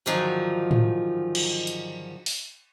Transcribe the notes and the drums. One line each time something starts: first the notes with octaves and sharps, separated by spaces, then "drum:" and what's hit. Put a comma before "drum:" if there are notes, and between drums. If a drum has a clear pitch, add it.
G#2 D3 D#3 F3 F#3 D#4
drum: tom A2
drum: cymbal
drum: hi-hat
drum: open hi-hat